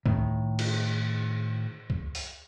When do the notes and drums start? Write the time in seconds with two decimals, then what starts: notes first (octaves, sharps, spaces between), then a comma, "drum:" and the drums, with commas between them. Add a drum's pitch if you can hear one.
0.06 A2 D#3, drum: kick
0.59 drum: cymbal
1.90 drum: kick
2.15 drum: open hi-hat